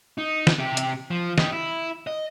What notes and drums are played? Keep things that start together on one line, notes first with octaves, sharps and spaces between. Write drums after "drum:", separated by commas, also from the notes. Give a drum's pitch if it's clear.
D#4
drum: snare
C3 G4
drum: hi-hat
F3
G4 D#5, drum: snare
E4
D#5